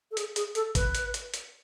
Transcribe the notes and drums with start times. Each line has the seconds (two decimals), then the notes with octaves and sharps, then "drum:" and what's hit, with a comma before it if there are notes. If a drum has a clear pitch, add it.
0.11 A4
0.17 G#4, drum: hi-hat
0.36 G#4, drum: hi-hat
0.55 A4, drum: hi-hat
0.75 B4, drum: kick G#1, hi-hat
0.95 drum: hi-hat
1.14 drum: hi-hat
1.34 drum: hi-hat